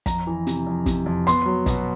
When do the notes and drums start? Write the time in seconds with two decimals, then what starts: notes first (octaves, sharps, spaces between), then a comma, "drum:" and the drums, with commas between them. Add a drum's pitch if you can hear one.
0.06 F2 A#5, drum: kick, hi-hat
0.27 E3
0.47 C3, drum: hi-hat
0.67 F2
0.86 C3, drum: kick, hi-hat
1.06 F2
1.27 B3 C6, drum: hi-hat
1.46 F#3
1.66 B2, drum: kick, hi-hat